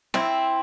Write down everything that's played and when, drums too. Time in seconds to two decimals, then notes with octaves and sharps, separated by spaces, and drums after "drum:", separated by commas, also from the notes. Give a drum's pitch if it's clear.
0.14 C4 E4, drum: snare